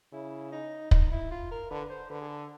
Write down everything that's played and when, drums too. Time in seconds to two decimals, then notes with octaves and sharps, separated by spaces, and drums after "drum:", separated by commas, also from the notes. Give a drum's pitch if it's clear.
0.12 C#3 E4
0.52 D#4
0.91 D#4, drum: kick
1.12 E4
1.31 F4
1.51 A#4
1.70 D3 B4
1.90 C5
2.10 D3 B4
2.21 G#4
2.29 A4